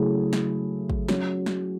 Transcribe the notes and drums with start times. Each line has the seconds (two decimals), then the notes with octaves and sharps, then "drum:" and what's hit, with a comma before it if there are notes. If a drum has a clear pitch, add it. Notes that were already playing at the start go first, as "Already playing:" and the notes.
Already playing: C#3 F#3 A3 E4 G#4
0.33 drum: snare
0.90 drum: kick
1.08 F#3 C#4 F#4, drum: snare
1.46 drum: snare